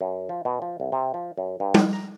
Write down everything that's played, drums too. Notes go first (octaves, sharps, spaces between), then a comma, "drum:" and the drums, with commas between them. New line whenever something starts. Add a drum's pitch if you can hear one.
F#2
F3
B2
F3
C2
C3
F3
F#2
G2
D#3, drum: tom G3
A#5